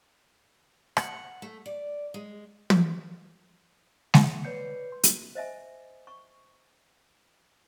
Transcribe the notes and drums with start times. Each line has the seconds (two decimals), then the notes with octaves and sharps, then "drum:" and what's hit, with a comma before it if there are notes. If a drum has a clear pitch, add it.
0.97 F#5, drum: rim click
1.42 A3
1.66 D5
2.14 G#3
2.70 drum: tom
4.14 drum: snare G#3
4.44 B4 C#5 D5 G6 C7 C#7
4.92 C6
5.03 drum: hi-hat
5.35 C5 D#5 E5 G#5
6.07 C#6